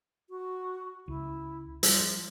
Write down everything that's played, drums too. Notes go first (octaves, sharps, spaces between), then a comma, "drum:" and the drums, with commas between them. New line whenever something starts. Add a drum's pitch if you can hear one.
F#4
C#2 E4
F3 G3, drum: hi-hat